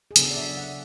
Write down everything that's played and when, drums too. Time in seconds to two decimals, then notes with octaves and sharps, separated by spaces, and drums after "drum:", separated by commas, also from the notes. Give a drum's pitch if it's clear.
0.11 G#4
0.16 C#3 F#3 B3 D4 A4, drum: hi-hat
0.31 D5
0.37 E5
0.57 F#5